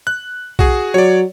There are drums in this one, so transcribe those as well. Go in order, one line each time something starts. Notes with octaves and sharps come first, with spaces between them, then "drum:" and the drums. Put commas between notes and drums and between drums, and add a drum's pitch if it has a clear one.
F#6
F#4 G#4, drum: kick B1
F#3 C#5 D5